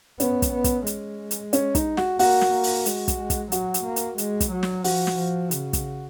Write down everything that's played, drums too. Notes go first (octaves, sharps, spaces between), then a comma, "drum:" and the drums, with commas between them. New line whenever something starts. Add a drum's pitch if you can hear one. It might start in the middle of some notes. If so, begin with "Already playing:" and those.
B3 C#4, drum: hi-hat
drum: kick, hi-hat
B3
drum: kick, hi-hat
G#3, drum: hi-hat
drum: hi-hat
C#4, drum: hi-hat
D#4, drum: kick, hi-hat
F#4, drum: snare
A#3 F#4, drum: open hi-hat
drum: snare
A#3
drum: open hi-hat
G#3, drum: hi-hat
drum: kick, hi-hat
G#3
drum: kick, hi-hat
F#3 F#4, drum: hi-hat
drum: hi-hat
A#3
drum: hi-hat
G#3, drum: hi-hat
drum: kick, hi-hat
F#3
drum: snare
F3 F#4, drum: open hi-hat
drum: snare
F3
C#3, drum: hi-hat
drum: kick, hi-hat